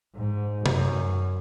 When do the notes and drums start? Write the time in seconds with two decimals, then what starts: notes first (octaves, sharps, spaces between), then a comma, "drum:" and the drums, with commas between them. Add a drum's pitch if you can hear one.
0.16 G#2
0.66 F#2, drum: tom C3